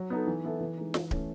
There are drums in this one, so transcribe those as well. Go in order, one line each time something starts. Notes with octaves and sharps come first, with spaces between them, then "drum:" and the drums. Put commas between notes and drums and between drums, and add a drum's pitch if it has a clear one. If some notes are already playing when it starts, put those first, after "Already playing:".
Already playing: F#3
B3 D#4 A4
E3
B3 E4 A4
E3
G#3 D#4
E3, drum: snare
A3 C#4 E4, drum: kick D1